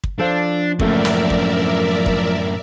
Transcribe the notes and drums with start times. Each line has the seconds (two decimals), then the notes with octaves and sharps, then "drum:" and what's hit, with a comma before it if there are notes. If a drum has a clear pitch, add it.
0.04 drum: kick
0.19 F3 D4 A4 C5 F5
0.79 F#2 A2 C#3 A3 A#3 A#4 D5 E5, drum: kick
1.05 drum: snare
1.30 drum: kick
2.06 drum: kick